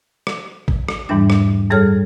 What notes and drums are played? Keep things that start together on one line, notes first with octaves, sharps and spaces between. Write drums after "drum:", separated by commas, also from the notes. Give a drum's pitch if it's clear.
drum: rim click
drum: kick
drum: rim click
E2 G#2 E3 G3 D4
drum: rim click
F#2 G3 G#4 A4 C#5 F6